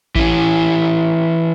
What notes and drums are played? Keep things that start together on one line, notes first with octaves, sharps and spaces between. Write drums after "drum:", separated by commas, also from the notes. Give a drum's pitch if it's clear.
E3 C#4, drum: kick A1